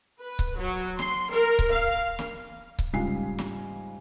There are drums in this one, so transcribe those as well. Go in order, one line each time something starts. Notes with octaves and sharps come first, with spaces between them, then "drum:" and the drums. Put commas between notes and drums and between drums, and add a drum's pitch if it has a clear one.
B4
drum: kick C#1
F#3
C6, drum: snare
A#4
drum: kick C#1
F5
drum: snare
drum: kick C#1
G#2 C#3 G3 F4 G#5 C7
drum: snare